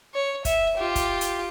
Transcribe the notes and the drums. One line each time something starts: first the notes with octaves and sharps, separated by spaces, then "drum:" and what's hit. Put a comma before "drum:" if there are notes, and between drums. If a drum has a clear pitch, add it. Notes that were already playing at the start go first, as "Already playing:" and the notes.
C#5
E5, drum: kick, hi-hat
F4 G4
drum: kick, hi-hat
drum: hi-hat